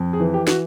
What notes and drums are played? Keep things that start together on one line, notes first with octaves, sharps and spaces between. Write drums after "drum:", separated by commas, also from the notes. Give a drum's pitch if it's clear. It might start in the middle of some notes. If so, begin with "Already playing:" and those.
Already playing: F2
G#4
E3
G4
F#4, drum: snare